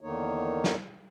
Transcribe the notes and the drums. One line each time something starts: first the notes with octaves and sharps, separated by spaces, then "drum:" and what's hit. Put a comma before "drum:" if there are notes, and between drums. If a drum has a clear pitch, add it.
E2 D3 D#3 A#3 D#4 C#5
drum: snare